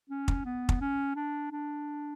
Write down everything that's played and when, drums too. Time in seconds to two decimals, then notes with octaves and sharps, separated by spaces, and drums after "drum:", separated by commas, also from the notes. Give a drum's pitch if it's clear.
0.10 C#4
0.28 drum: kick
0.45 B3
0.69 drum: kick
0.81 C#4
1.16 D4
1.52 D4